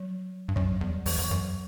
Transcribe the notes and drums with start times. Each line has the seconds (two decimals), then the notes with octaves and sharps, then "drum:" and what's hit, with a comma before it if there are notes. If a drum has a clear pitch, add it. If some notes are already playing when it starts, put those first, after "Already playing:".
Already playing: F#3
0.49 G2
0.56 F#2 F#3, drum: kick
0.81 E2 G3
1.06 E2 E3, drum: open hi-hat
1.18 E2
1.24 E3
1.30 F#2 F#3